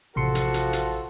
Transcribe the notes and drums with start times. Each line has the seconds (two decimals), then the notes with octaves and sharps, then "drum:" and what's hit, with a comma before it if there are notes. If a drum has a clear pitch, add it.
0.16 A1 C3 F3 F#4 A4 C6 C#7
0.35 drum: hi-hat
0.54 drum: hi-hat
0.73 drum: hi-hat